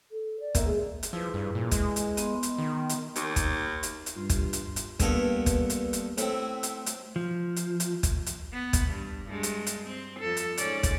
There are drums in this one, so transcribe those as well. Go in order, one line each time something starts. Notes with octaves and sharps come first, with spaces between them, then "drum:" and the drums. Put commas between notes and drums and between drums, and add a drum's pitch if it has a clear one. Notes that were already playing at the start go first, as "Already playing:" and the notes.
A4
D5
A#3 E5, drum: kick, hi-hat
G#3 G#4
drum: hi-hat
F3 E4 G#4 B4
G2
A#2
G#3, drum: kick, hi-hat
drum: hi-hat
B3 C6, drum: hi-hat
drum: hi-hat
D#3
drum: hi-hat
D#2, drum: hi-hat
drum: kick, hi-hat
drum: hi-hat
drum: hi-hat
G2 F4
drum: kick, hi-hat
drum: hi-hat
drum: hi-hat
G2 A#3 B3 A4 A#4 G#5, drum: kick, hi-hat
drum: kick, hi-hat
drum: hi-hat
drum: hi-hat
A2 C4 E4, drum: hi-hat
drum: hi-hat
drum: hi-hat
F3
drum: hi-hat
drum: hi-hat
drum: kick, hi-hat
drum: hi-hat
B3
drum: kick, hi-hat
G2
G2 G#3
drum: hi-hat
drum: hi-hat
C4
F2 A4
drum: hi-hat
G#2 C#4 D5, drum: hi-hat
drum: kick, hi-hat